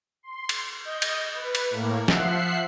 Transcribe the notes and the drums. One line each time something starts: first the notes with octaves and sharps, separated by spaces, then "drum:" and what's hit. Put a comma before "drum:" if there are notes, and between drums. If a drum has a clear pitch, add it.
C6
drum: cymbal
D#5 G6
drum: cymbal
B4
drum: cymbal
A2 A#3
F3 E5 F#5 F#6 C7, drum: snare